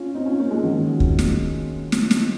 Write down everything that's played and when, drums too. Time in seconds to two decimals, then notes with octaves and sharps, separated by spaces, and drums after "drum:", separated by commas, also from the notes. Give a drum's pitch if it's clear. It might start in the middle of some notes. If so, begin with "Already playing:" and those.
Already playing: C#4 F4
0.14 C4 D#4
0.26 C#4 F4
0.39 A#3 C#4
0.51 F3 G#3
0.63 D#3 F#3
1.00 drum: kick
1.19 drum: snare
1.92 drum: snare
2.11 drum: snare